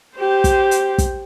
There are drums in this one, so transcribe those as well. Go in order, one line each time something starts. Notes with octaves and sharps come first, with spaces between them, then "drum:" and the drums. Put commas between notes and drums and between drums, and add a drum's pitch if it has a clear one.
G4 C5
drum: kick, hi-hat
drum: hi-hat
drum: kick, hi-hat